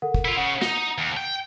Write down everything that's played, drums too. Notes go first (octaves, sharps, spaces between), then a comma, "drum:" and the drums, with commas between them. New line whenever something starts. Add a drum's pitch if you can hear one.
A4 A#4 F#5
drum: kick
E4 F4
C#3 F#5
D#4, drum: snare
D#2
G5